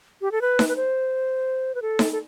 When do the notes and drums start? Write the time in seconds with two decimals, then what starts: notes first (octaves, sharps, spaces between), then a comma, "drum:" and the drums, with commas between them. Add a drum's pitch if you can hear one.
0.21 G4
0.32 A4
0.41 B4
0.59 drum: snare D#4
0.68 B4
0.76 C5
1.75 B4
1.82 A4
1.99 drum: snare D#4
2.12 A4